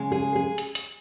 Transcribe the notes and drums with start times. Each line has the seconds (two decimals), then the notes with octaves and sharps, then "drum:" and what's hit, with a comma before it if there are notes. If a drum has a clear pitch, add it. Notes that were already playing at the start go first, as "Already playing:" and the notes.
Already playing: C#3 G#3
0.12 G#4
0.36 G#4
0.58 drum: hi-hat
0.75 drum: hi-hat